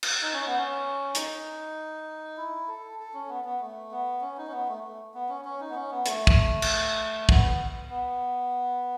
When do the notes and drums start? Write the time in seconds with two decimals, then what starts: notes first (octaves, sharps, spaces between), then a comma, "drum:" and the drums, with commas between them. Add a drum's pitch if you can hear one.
0.03 drum: cymbal
0.23 D#4
0.34 C#4
0.46 B3
0.58 C#4
1.15 D#4, drum: hi-hat
2.38 E4
2.68 A4
2.99 A4
3.14 C#4
3.29 B3
3.45 B3
3.61 A3
3.91 B3
4.21 C#4
4.38 D#4
4.47 C#4
4.52 B3
4.68 A3
4.83 A3
5.14 B3
5.29 C#4
5.45 C#4
5.60 D#4
5.70 B3
5.75 C#4
5.91 B3
6.06 A3, drum: hi-hat
6.27 drum: kick
6.62 drum: cymbal
7.29 B3, drum: kick
7.90 B3